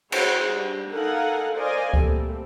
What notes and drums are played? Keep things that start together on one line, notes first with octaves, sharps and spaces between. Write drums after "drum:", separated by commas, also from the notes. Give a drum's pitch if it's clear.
E4 F#4 G#4 C5 C#5 F#5, drum: cymbal
G3 D4
D#4 A4 A#4 F5 F#5 G#5
A#4 C5 D5 D#5 F5 G#5
G3 A3 A#3 C4 A4, drum: kick C#2